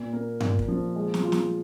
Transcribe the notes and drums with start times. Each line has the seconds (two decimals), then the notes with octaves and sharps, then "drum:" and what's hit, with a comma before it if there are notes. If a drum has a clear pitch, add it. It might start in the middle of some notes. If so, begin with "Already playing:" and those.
Already playing: A#2
0.13 A#3
0.40 A#2, drum: tom G2
0.59 drum: kick
0.68 F3
0.96 G#3
1.14 drum: snare
1.23 F4
1.32 drum: snare